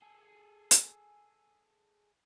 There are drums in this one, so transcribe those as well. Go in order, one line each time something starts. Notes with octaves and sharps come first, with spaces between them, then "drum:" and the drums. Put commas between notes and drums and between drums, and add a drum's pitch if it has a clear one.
G#4 A4
drum: hi-hat